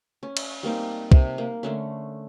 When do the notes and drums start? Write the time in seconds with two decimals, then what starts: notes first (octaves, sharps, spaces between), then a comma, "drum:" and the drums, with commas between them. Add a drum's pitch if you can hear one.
0.23 C#4
0.37 drum: cymbal
0.63 G3 A#3 C4 D#4
1.12 C3, drum: kick C2
1.38 A#3
1.63 D3 A3 C#4